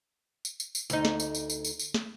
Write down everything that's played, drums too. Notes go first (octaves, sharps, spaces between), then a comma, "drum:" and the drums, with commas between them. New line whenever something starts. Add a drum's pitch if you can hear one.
drum: tambourine
drum: tambourine
drum: tambourine
D2 D#4, drum: tambourine
drum: snare
drum: tambourine
drum: tambourine
drum: tambourine
drum: tambourine
drum: tambourine
drum: snare